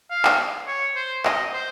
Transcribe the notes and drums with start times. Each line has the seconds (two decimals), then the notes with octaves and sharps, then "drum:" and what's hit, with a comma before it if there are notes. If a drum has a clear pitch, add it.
0.10 F5
0.25 drum: clap
0.67 C#5
0.96 C5
1.25 D#5, drum: clap
1.53 C5